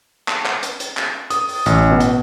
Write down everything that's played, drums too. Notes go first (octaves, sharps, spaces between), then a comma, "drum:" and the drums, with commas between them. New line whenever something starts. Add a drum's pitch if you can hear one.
drum: clap
drum: clap
drum: hi-hat
drum: hi-hat
drum: clap
D#6, drum: hi-hat
drum: open hi-hat
A1, drum: hi-hat
B2
drum: hi-hat